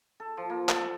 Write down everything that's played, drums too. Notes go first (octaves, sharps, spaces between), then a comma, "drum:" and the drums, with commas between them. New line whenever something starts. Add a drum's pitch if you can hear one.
A4
F3
A#3
A4, drum: clap